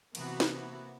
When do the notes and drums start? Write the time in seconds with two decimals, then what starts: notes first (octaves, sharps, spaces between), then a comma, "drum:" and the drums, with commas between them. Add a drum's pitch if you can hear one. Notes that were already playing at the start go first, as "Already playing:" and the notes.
0.15 C3 E3 A#3 B3 E4 F#4, drum: cymbal
0.40 drum: snare